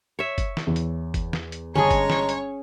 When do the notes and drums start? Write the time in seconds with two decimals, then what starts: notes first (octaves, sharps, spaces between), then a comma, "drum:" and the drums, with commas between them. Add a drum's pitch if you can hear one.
0.19 C#5 E5
0.38 drum: kick, hi-hat
0.57 drum: snare
0.67 E2
0.76 drum: hi-hat
1.14 drum: kick, hi-hat
1.33 drum: snare
1.52 drum: hi-hat
1.75 G1 G#3 C#4 G#4 C#5 A5 A#5 D#6
1.91 drum: kick, hi-hat
2.10 drum: snare
2.29 drum: hi-hat